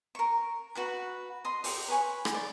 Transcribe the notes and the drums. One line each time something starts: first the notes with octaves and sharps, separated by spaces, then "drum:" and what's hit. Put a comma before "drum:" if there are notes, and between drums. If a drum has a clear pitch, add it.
A#4 C#6
F#4 B4 F#5
D#5 C6
G4, drum: open hi-hat
B4 C#5 G#5 C#6
drum: rim click
D5